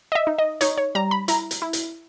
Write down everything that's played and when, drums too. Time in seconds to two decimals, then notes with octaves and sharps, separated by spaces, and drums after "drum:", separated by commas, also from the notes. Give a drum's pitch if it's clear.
0.12 D#5
0.15 E5
0.27 D#4
0.39 D#5
0.61 D#4 C#5, drum: hi-hat
0.78 C#5
0.95 G3 A#5
1.11 B5
1.28 E4 A#5, drum: hi-hat
1.51 drum: hi-hat
1.62 E4
1.73 drum: hi-hat